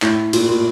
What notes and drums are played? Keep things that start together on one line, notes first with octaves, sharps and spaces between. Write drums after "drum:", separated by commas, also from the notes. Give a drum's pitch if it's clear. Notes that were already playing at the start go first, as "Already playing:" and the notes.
A2, drum: clap
A#2, drum: cymbal
A#2